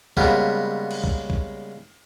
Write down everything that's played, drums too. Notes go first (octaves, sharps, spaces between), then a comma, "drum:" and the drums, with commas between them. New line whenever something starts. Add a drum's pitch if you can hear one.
C#3 G3 G#3 A#3 B3, drum: kick
drum: cymbal
drum: kick
drum: kick